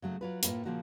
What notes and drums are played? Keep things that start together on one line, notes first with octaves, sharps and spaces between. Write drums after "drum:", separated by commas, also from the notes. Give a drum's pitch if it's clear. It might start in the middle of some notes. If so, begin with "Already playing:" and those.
C#3 F#3 A3
F#3 F4 B4
A2 A3 A#3 F4 B4, drum: hi-hat
A#2 C#3 F3 A#3 F#4